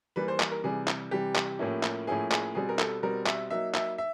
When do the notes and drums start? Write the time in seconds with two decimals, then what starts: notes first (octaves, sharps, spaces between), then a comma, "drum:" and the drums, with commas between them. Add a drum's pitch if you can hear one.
0.16 E3 G3 A#3 B4
0.28 C5
0.40 drum: clap
0.51 A#4
0.64 C3 E3 G3 G#4
0.88 drum: clap
1.11 C3 E3 G3 G4
1.35 drum: clap
1.59 A2 F3 A#3 C#4 E4
1.83 drum: clap
2.07 A2 F3 A#3 C#4 E4 G#4
2.31 G#4, drum: clap
2.55 B2 G3 C4 G#4
2.69 A#4
2.79 A4, drum: clap
3.03 B2 G3 C4 A#4
3.26 E5, drum: clap
3.50 F#3 A#3 D#4 E5
3.74 E5, drum: clap
3.98 E5